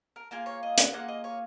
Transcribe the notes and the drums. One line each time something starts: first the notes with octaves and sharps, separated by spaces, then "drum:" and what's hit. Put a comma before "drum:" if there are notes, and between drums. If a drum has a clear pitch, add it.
A#4
A#3 F4 G#4 A#4
C#5
D#5
F#5, drum: hi-hat
A#3 F4 G#4 F#5
D#5
C#5